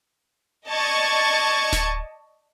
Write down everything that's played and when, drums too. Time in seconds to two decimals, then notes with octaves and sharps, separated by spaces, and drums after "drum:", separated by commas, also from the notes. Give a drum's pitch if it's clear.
0.68 D5 D#5 A5 C#6 G#6 A6
1.73 drum: snare D1